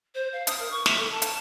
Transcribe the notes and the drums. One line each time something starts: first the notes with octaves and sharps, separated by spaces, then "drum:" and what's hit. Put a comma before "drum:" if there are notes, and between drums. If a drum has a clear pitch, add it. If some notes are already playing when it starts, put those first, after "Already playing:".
C5
F5
D#6, drum: hi-hat
A#4
C#6
E5, drum: snare
A4
A5
drum: hi-hat